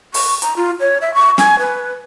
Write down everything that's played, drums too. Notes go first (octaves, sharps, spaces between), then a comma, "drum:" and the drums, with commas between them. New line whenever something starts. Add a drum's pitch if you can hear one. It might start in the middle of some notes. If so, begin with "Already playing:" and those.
C#6, drum: open hi-hat
A#5, drum: hi-hat
F4
C#5
E5
C#6
G#5, drum: snare
B4